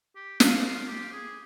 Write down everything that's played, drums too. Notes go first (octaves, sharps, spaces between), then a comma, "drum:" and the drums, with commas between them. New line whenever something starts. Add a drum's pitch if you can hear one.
G4
F4, drum: snare
F4
G4
G#4